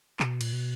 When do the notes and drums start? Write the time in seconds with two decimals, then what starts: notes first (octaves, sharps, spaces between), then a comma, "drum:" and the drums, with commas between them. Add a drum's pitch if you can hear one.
0.20 B2, drum: clap
0.41 A#2, drum: cymbal
0.53 B2